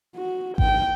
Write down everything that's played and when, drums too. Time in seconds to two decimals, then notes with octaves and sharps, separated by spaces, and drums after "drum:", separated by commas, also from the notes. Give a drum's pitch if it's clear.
0.16 F#4
0.58 G5, drum: kick G#1